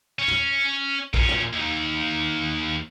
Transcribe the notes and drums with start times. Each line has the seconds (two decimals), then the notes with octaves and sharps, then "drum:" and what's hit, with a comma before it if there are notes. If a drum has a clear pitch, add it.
0.19 C#4
0.28 drum: tom
1.14 A#2 C#4, drum: kick
1.29 drum: tom
1.53 D#2 D#3